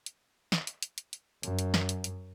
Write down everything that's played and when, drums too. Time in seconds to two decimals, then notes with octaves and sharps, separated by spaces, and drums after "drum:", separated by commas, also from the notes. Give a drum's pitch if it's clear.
0.06 drum: hi-hat
0.52 drum: snare
0.67 drum: hi-hat
0.83 drum: hi-hat
0.98 drum: hi-hat
1.13 drum: hi-hat
1.43 F#2, drum: hi-hat
1.59 drum: hi-hat
1.74 drum: snare
1.89 drum: hi-hat
2.04 drum: hi-hat